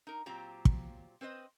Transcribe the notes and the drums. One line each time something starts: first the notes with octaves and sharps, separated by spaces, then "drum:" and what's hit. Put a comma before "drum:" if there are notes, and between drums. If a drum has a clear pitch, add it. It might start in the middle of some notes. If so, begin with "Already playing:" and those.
D#4 A#4
A#2 F#3 C4 F4 G4 A#5
drum: kick
C4 B4 C5 D#5